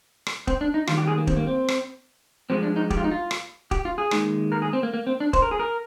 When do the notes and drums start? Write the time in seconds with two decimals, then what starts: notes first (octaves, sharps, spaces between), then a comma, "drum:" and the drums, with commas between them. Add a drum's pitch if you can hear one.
0.27 drum: rim click
0.47 C4, drum: kick
0.61 D4
0.74 D#4
0.87 D#2 D#3 G3 F4, drum: rim click
0.98 G4
1.08 G#4
1.18 A#3
1.27 C4, drum: kick
1.36 A#3
1.47 C4
1.68 drum: rim click
2.50 G2 F3 G#3 C4
2.63 D4
2.76 D#4
2.90 G4, drum: kick
2.97 F4
3.04 D#4
3.11 F4
3.31 drum: rim click
3.71 G4, drum: kick
3.85 F4
3.98 G#4
4.11 D#2 D#3 G#3, drum: rim click
4.52 A#4
4.62 G#4
4.73 C4
4.83 A#3
4.94 A#3
5.07 C4
5.20 D4
5.33 C5, drum: kick
5.42 A#4
5.51 G#4
5.59 A#4